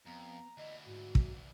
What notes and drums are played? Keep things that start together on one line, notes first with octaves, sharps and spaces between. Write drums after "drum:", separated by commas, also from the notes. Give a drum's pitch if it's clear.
F2 B3 A#5
D2 E3 D#5
G#2 F#4
drum: kick